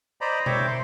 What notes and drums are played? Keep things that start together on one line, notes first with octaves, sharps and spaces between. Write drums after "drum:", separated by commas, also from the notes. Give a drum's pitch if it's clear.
C5 D5 D#5 A#5 B5
C5 C#5 E5 G5 D6, drum: tom B2
C6